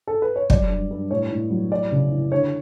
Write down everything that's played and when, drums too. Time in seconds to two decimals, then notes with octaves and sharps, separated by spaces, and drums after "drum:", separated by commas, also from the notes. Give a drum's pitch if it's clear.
0.07 A4
0.22 B4
0.36 C#5
0.50 F#3 D5, drum: kick
0.70 G2
0.91 G2
1.11 A2 C#5
1.31 A2
1.50 F#3
1.71 E3 D5
1.92 C#3
2.11 E3
2.32 D3 C#5